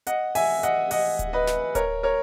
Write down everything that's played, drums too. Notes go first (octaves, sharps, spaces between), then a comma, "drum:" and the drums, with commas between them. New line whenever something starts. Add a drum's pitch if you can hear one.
D#5 F#5, drum: hi-hat
E5 G#5, drum: open hi-hat
D#5 F#5, drum: hi-hat
D#5 F#5, drum: open hi-hat
drum: kick D1, hi-hat
B4 D#5
drum: snare
A#4 C#5, drum: kick D1, hi-hat
A#4 C#5